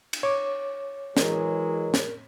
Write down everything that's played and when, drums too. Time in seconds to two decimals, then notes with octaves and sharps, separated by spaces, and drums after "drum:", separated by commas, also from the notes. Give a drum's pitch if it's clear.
0.13 drum: cymbal
0.23 C#5 D6
1.17 E3 F#3 G#3 A#4, drum: snare
1.94 drum: snare